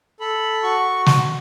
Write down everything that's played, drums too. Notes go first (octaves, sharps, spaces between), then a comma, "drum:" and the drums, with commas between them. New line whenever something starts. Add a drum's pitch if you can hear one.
A4 B5
F#4 C#6
drum: snare